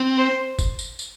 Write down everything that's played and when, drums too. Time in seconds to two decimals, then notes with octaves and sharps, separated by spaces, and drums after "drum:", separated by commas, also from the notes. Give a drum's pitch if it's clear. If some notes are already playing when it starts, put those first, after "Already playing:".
Already playing: C4
0.18 C5
0.59 drum: kick G1, tambourine
0.79 drum: tambourine
0.99 drum: tambourine